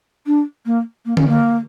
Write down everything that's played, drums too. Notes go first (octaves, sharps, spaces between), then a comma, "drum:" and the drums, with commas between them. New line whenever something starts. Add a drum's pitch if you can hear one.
D4
A#3
A#3
C#4, drum: tom D3
A#3